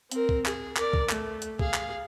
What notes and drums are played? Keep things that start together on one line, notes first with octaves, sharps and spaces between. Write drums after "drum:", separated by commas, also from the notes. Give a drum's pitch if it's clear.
C4 A#4, drum: hi-hat
drum: kick C2
G#4, drum: clap
A#4 D5, drum: clap
drum: kick C2
A3, drum: clap
drum: hi-hat
G#4 F5, drum: kick C2
drum: clap